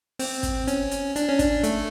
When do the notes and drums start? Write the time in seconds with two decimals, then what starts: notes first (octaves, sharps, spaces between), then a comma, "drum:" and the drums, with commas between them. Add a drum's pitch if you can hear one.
0.19 C4, drum: open hi-hat
0.43 drum: kick, hi-hat
0.68 C#4, drum: hi-hat
0.91 drum: hi-hat
1.16 D4, drum: hi-hat
1.28 C#4
1.39 D4, drum: kick, hi-hat
1.64 A3, drum: hi-hat